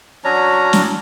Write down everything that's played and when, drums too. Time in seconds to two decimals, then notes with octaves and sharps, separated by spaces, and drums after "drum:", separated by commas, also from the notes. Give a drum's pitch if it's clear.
0.24 F#3 C#4 D4 A#5
0.73 drum: snare